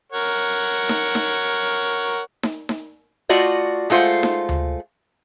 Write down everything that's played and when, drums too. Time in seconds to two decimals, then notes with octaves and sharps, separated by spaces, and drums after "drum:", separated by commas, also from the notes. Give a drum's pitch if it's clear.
0.12 A#4 C#5 F#5
0.89 drum: snare D#4
1.15 drum: snare D#4
2.43 drum: snare D#4
2.69 drum: snare D#4
3.29 A3 F4 F#4 D5 D#5
3.90 G#3 A3 F4 C5 F#5
4.23 drum: snare D#4
4.49 drum: tom D2